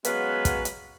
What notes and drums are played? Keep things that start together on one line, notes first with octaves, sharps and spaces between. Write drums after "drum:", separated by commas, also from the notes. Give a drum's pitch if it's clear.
F#3 G#3 B3 C#4 B4 F5, drum: hi-hat
drum: kick, hi-hat
drum: hi-hat